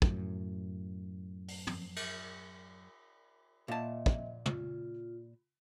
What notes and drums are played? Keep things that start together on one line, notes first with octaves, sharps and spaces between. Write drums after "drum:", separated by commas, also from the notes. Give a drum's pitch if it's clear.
F#2 A2, drum: kick
drum: open hi-hat
drum: tom
drum: cymbal
A#2 D#5 E5 A5
drum: kick
F4, drum: tom